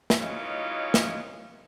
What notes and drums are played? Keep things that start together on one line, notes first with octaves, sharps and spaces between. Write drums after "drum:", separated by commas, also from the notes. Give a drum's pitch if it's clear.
drum: snare
E3 F#3 G#3 C#4 D#4 F4
drum: snare